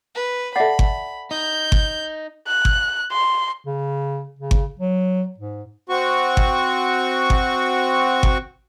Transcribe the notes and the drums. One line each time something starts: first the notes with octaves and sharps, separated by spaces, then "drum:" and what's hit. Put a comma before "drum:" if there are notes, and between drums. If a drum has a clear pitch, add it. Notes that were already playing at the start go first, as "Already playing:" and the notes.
B4
A4 D5 E5 F#5 B5
drum: kick G1
D#4 G6
drum: kick G1
F#6
drum: kick G1
C6
C#3
C#3
drum: kick G1
F#3
G#2
C4 F#4 C#6
drum: kick G1
drum: kick G1
drum: kick G1